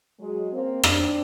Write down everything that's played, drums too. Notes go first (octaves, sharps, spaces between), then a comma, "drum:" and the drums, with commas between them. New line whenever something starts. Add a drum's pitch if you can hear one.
F#3 G#3
A#3 C4
C4 D4, drum: rim click